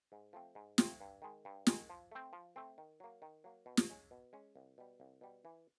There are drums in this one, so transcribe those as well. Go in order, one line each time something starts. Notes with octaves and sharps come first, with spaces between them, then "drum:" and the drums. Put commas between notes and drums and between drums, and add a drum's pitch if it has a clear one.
G#2
F3 A3 C4
G#2
F3 A3 C4, drum: snare
G2
D#3 G#3
G2
D#3 G#3, drum: snare
F3
A3 C4
F3
A3 C4
D#3
F#3 A#3
D#3
F#3 A#3
B2
drum: snare
G#3 C#4
B2
G#3 C#4
C2
B2 G3
C2
B2 G3
E3